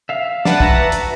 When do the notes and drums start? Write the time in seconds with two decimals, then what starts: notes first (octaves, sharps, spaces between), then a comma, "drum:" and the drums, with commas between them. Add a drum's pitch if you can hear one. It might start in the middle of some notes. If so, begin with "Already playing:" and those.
0.09 E5 F5
0.45 D4 B4 F#5 A5, drum: snare
0.60 F#4 E5 A#5, drum: kick
0.92 drum: hi-hat